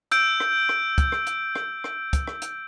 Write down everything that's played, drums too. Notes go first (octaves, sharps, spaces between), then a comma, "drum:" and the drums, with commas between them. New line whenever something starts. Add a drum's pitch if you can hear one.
E6 G6 D7, drum: hi-hat
drum: rim click
drum: rim click
drum: kick, hi-hat
drum: rim click
drum: hi-hat
drum: rim click
drum: rim click
drum: kick, hi-hat
drum: rim click
drum: hi-hat